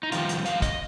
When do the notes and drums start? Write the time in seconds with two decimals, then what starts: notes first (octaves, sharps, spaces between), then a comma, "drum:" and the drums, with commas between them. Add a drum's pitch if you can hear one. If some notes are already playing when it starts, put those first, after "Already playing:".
0.03 D#4
0.12 F2 D#3 G3 F4, drum: hi-hat
0.29 drum: hi-hat
0.45 F5, drum: hi-hat
0.62 D#5, drum: kick, hi-hat